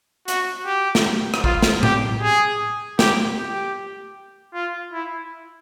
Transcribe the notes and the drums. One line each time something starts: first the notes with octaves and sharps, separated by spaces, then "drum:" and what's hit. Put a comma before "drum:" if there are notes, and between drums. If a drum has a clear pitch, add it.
F#4, drum: hi-hat
G4
drum: snare
drum: rim click
F4, drum: kick A#1
drum: snare
G4, drum: tom A2
G#4
G4, drum: snare
G4
F4
E4